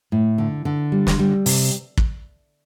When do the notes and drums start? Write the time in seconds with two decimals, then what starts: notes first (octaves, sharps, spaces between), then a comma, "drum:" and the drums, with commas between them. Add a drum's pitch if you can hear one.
0.12 A2
0.38 D3
0.65 D3
0.92 G3
1.07 drum: snare
1.19 G3
1.46 C3, drum: open hi-hat
1.97 drum: kick